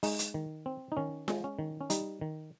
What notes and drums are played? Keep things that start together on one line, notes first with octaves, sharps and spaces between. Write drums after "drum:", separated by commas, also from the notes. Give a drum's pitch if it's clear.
G#3 D#4, drum: open hi-hat
drum: hi-hat
D#3
C4
D#4
D#3 C#4
G#3, drum: snare F4
C#4
D#3
C#4
G3 D#4, drum: hi-hat
D#3